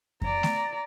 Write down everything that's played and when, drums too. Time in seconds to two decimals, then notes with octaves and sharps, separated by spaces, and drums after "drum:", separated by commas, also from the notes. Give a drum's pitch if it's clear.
0.22 D5 A#5, drum: kick F2
0.43 drum: snare A3